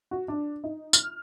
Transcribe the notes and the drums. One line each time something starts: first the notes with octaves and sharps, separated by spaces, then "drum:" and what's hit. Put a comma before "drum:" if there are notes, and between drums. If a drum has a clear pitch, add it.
F#4
D4
D#4
F6, drum: tambourine